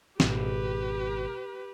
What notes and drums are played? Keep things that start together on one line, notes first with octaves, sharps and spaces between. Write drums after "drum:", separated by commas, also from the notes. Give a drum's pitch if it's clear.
G#1 B2 G4 B4, drum: snare